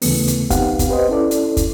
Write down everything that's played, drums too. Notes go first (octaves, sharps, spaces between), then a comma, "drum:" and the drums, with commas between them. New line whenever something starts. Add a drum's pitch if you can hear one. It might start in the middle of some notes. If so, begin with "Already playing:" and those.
D#2 C#3 E3 A3 B3, drum: open hi-hat
drum: hi-hat
B3 C4 D#4 G4 F5 F#5, drum: kick, hi-hat
drum: kick, hi-hat
G4 B4 C5 D#5
C#4 E4 A4 D5
drum: hi-hat
drum: kick, hi-hat